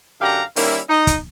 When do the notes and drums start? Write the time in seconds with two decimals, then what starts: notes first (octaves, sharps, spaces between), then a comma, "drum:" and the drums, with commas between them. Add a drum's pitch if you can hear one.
0.21 F#2 D3 G4 F5 F#5 A#5
0.56 D#3 G3 A#3 C#4 E4, drum: open hi-hat
0.89 D#4 D#5
1.07 drum: kick, hi-hat